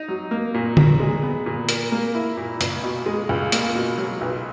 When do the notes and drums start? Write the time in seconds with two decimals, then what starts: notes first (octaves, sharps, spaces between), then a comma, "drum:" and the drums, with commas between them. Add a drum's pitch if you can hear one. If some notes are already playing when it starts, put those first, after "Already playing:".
Already playing: D#4
0.08 F#3
0.31 A#3
0.54 A#2
0.77 A#2, drum: tom D3
1.00 G#3
1.23 B3
1.46 A#2
1.69 A#4, drum: hi-hat
1.92 A#3
2.15 E4
2.37 A#2
2.61 C#2, drum: hi-hat
2.83 B2
3.06 G#3
3.29 C#2
3.52 A#3, drum: hi-hat
3.75 B2
3.98 F#3
4.21 B1